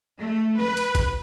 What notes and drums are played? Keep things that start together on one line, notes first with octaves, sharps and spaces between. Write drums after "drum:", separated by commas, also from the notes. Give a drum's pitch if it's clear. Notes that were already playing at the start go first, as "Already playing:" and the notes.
A3
B4
drum: hi-hat
drum: kick G#1, hi-hat